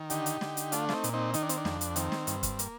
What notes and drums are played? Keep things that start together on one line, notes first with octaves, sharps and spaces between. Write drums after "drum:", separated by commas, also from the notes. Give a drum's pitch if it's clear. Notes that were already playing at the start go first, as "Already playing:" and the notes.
Already playing: D#3
D3 D#4 G4, drum: hi-hat
drum: hi-hat
D3, drum: snare
drum: hi-hat
A3 D4 F4, drum: hi-hat
F4, drum: snare
C4 D#4
A#2, drum: hi-hat
C4 D#4
D#3 D#4, drum: hi-hat
D4
C4, drum: hi-hat
D4
F2, drum: snare
drum: hi-hat
D#3 C4, drum: hi-hat
drum: snare
G2, drum: hi-hat
drum: kick, hi-hat
A#3, drum: hi-hat